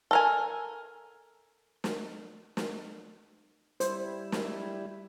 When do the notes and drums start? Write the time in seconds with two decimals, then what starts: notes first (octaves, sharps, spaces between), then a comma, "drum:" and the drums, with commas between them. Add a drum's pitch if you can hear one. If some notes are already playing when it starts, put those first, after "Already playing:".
0.11 A4 A#4 G#5
1.84 drum: snare
2.57 drum: snare
3.80 G3 E4 C5, drum: hi-hat
4.32 drum: snare